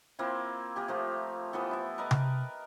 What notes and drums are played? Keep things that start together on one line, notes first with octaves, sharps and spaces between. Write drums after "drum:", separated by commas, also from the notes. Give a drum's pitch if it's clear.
A#3 C4 E4 F4
A#3 G4 G#4
F3 A3 A#3
E3 F3 B3 A4
E4 E5
A#4 B4 D#5 A5
drum: tom C3